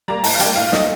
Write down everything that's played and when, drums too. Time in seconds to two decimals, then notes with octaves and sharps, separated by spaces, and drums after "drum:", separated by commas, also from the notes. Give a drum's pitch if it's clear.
0.08 G3 A#3 A#5
0.24 A2 A5, drum: open hi-hat
0.35 F5
0.40 G3 A#3 G5, drum: hi-hat
0.56 A2 F5
0.72 A3 D#5, drum: snare